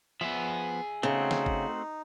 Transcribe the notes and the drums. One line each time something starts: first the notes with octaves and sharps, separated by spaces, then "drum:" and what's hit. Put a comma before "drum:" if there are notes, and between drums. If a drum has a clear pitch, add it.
F3 B3 G#4 E5
C#3 A3 C4 D#4 F#4
drum: snare
drum: kick